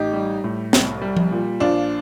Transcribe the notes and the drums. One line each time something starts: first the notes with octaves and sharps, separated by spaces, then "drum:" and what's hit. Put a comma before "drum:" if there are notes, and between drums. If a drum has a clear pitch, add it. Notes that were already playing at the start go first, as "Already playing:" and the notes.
Already playing: A1 D#4 G4
G3
A2
C2, drum: snare
G3
drum: tom F3
A#2
A#1 D4 F4